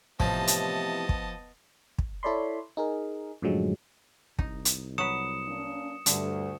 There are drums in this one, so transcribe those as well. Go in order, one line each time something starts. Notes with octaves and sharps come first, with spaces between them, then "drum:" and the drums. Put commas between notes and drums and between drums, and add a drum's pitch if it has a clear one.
A2 C3 E3 F3 B3 D#5 A5, drum: kick
drum: hi-hat
drum: kick
drum: kick
E4 A4 C#5 D5 B5 C6
D#4 G#4 A#4
F#2 A2 D3 F3 F#3 G#3
C2 D#4, drum: kick
drum: hi-hat
F#3 B4 D#6 C#7 E7
A#3 C#4 D4
D2 G2 D3, drum: hi-hat